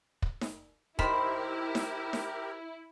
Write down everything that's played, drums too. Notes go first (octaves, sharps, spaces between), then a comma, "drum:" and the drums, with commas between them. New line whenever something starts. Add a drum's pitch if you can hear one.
drum: kick
drum: snare D#4
D#3 E4 G4 A#4 C5 B5, drum: kick
drum: snare D#4
drum: snare D#4